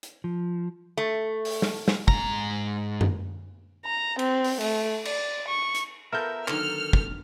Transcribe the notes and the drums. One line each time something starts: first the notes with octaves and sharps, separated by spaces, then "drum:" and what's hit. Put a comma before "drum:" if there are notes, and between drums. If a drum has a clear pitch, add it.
drum: hi-hat
F3
A3
drum: open hi-hat
drum: snare
drum: snare
G#2 A#5, drum: kick
drum: tom F#2
A#5
C4, drum: cymbal
drum: open hi-hat
A3, drum: cymbal
D5, drum: cymbal
C#6
drum: hi-hat
B3 F4 A4 A#4 E5 G6
D3 D#3 F#3 A4 F6, drum: clap
drum: kick